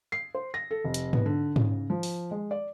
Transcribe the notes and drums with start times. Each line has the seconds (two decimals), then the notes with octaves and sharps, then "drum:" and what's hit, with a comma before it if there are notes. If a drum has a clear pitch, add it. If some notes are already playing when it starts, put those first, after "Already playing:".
0.12 C7
0.35 C5
0.54 A#6
0.71 A4
0.84 F1
0.94 drum: hi-hat
1.13 B3, drum: tom G#2
1.26 D3
1.56 C#3, drum: tom G#2
1.90 F3
2.03 drum: open hi-hat
2.31 G#3
2.51 D5